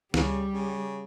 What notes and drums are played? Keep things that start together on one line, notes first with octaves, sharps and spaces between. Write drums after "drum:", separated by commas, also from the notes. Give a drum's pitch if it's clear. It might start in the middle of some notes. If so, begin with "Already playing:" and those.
C#2 C#3 G3, drum: snare
C#3